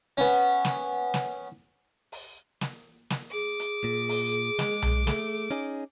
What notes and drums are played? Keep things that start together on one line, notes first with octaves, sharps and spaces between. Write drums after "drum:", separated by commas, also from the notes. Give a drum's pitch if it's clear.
B3 C#4, drum: open hi-hat
drum: snare
drum: snare
drum: open hi-hat
drum: snare
drum: snare
G#4 D6
drum: hi-hat
A#2
drum: open hi-hat
G#3, drum: snare
drum: tom B1
A3, drum: snare
C#4 D#4 G#4